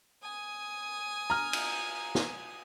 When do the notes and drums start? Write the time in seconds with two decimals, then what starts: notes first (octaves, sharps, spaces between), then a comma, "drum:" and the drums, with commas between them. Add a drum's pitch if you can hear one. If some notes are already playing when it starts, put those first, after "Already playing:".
0.23 G#5 D#6
1.30 A#5 F6
1.53 drum: cymbal
2.15 drum: snare